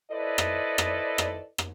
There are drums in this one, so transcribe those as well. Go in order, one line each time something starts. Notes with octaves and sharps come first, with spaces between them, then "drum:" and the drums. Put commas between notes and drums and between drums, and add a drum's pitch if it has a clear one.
E4 A4 B4 C5 D5 D#5
drum: rim click
drum: rim click
drum: rim click
drum: rim click